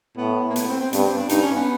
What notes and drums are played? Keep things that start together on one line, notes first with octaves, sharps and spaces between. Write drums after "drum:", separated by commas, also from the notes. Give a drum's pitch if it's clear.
A2 B3
A#3
B3, drum: hi-hat
C4
C4
G2 B3, drum: hi-hat
C4
D4
G2 D#4, drum: hi-hat
C#4
B3